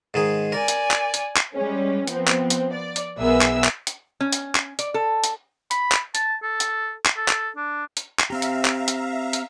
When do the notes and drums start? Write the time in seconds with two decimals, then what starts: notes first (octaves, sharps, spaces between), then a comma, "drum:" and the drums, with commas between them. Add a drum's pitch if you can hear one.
0.14 G#2 D#3 G#4
0.52 A#4 D5 G#5
0.68 drum: hi-hat
0.91 drum: clap
1.14 drum: hi-hat
1.37 drum: clap
1.55 G3 G#3 C#4
2.07 F3 B3 C4, drum: hi-hat
2.28 drum: clap
2.50 drum: hi-hat
2.74 D5
2.96 drum: hi-hat
3.19 B1 B3 G#4 A#4 E5 E6
3.41 drum: clap
3.64 drum: clap
3.87 drum: hi-hat
4.21 C#4
4.32 drum: hi-hat
4.55 drum: clap
4.79 D5, drum: hi-hat
4.94 A4
5.24 drum: hi-hat
5.71 B5, drum: hi-hat
5.92 drum: clap
6.15 A5, drum: hi-hat
6.43 A4
6.60 drum: hi-hat
7.06 drum: clap
7.17 A4
7.28 drum: clap
7.56 D4
7.97 drum: hi-hat
8.19 drum: clap
8.30 C4 G4 E5 F5 A#5
8.42 drum: hi-hat
8.65 drum: clap
8.88 drum: hi-hat
9.33 drum: hi-hat